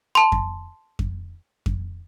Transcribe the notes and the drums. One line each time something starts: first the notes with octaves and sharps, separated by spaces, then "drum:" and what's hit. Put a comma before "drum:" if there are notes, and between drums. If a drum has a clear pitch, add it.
A5 C6
drum: kick F2
drum: kick F2
drum: kick F2